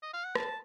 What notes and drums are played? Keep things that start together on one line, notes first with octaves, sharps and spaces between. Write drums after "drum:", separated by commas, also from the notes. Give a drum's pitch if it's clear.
D#5
F5
F#5
A5, drum: rim click